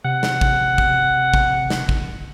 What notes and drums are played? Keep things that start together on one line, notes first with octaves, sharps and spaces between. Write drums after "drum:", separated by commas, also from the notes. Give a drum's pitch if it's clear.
C3 F#5
drum: snare
drum: kick
drum: kick
drum: kick
drum: snare
drum: kick